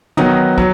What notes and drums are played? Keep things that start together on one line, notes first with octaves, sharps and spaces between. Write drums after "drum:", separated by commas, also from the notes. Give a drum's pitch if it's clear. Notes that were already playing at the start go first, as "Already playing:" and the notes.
D#3 F#3 B3 D#4, drum: tom
F#3, drum: kick